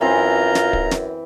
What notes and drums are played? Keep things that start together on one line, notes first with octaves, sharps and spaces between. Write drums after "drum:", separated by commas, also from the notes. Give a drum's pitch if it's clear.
F#2 E3 C4 F4 A#5
drum: snare
drum: kick
drum: snare